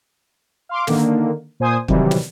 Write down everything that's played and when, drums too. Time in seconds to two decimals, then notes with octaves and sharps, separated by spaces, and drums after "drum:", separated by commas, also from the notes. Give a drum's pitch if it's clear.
0.69 F5 C6 D6
0.87 D3 D#3 A#3, drum: snare
1.60 A#2 C5 G#5 D#6
1.88 C3 D#3 E3 F#3 G3, drum: kick
2.11 drum: snare